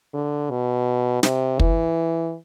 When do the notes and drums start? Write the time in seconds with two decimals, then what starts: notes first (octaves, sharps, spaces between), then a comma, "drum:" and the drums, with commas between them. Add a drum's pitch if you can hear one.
0.14 D3
0.50 B2
1.23 C3, drum: snare
1.59 E3, drum: kick